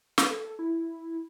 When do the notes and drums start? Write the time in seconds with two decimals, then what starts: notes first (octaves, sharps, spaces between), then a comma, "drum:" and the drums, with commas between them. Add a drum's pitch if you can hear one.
0.18 B4, drum: snare
0.31 A4
0.45 A4
0.59 E4